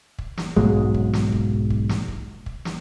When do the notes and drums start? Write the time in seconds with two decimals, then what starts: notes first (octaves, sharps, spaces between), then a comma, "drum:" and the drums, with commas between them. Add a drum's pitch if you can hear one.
0.19 drum: kick
0.37 drum: snare
0.56 B1 G#2 F#3 G#3, drum: kick
0.94 drum: kick
1.13 drum: snare
1.32 drum: kick
1.70 drum: kick
1.89 drum: snare
2.08 drum: kick
2.46 drum: kick
2.65 drum: snare